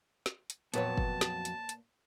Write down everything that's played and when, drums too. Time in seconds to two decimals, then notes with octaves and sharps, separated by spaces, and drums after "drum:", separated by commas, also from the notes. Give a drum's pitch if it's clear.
0.26 drum: snare
0.50 drum: hi-hat
0.74 F2 A#2 F#3 B3 B4 C#5 A5, drum: hi-hat
0.97 drum: kick
1.21 drum: snare
1.45 drum: hi-hat
1.69 drum: hi-hat